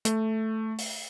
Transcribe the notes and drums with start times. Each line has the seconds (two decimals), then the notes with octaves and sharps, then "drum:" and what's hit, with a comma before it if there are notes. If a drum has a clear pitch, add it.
0.05 A3, drum: hi-hat
0.78 drum: open hi-hat